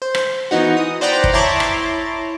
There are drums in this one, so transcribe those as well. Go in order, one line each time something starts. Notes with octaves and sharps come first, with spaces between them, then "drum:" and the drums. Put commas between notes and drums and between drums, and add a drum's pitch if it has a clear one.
C5
drum: rim click
E3 B3 D#4 F#4
D#6
C5 D5 F#5 G5 A#5 B5
drum: kick
E4 C#5 A5 A#5 C6 D6
drum: rim click